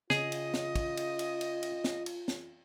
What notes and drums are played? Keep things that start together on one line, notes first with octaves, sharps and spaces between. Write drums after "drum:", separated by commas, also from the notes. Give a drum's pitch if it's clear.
C#3 F4 G#4 D#5, drum: snare
drum: cymbal
drum: snare
drum: kick, cymbal
drum: cymbal
drum: cymbal
drum: cymbal
drum: cymbal
drum: snare
drum: cymbal
drum: snare